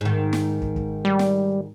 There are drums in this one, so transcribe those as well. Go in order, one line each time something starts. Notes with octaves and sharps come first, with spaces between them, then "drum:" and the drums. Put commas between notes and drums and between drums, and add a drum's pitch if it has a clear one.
G#2 D#3
drum: snare
drum: kick
drum: kick
G3
drum: snare